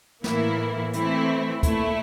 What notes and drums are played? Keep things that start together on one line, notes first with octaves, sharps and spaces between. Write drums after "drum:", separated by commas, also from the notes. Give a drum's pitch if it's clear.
A2 E3 A#3 E4, drum: snare
E3 A3 C4 E4, drum: hi-hat
A#2 A3 E4, drum: kick, hi-hat